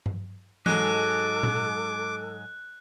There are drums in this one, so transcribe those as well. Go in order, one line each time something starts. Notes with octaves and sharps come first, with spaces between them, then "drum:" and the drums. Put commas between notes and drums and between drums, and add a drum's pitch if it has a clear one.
drum: tom G2
G#2 F#3 G#3 A4 D6 F#6, drum: tom E3
drum: tom A#2